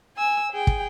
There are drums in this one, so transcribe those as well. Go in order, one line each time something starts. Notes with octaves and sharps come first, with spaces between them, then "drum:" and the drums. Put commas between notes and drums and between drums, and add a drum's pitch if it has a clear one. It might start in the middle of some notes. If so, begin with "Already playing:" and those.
G#5 E6
G#4 G5
drum: kick